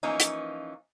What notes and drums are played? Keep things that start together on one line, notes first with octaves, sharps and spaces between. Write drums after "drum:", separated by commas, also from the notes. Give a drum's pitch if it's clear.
E3 F3 A#3 C#4 D#4
drum: hi-hat